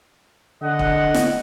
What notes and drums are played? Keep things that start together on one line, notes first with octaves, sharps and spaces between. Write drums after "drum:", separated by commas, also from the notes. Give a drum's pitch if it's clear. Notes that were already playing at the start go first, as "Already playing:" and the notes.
D3 D#5 F#5
drum: kick
drum: snare